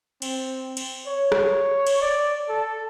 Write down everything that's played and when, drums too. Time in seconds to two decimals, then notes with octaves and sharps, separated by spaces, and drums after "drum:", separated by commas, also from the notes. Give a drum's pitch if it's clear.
0.22 C4, drum: cymbal
0.77 drum: cymbal
1.07 C#5
1.32 drum: rim click
1.87 drum: cymbal
2.02 D5
2.49 A4